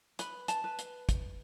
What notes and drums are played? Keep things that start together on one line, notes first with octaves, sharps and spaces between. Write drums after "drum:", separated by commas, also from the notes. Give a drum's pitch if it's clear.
B4 B5, drum: hi-hat
A5, drum: hi-hat
B4
drum: hi-hat
drum: kick, hi-hat